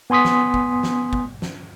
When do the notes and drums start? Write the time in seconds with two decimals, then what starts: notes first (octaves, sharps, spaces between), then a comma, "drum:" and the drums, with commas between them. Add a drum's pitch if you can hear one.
0.10 B3 G#5 C6 D#6 B6
0.25 drum: snare
0.54 drum: kick
0.83 drum: snare
1.13 drum: kick
1.42 drum: snare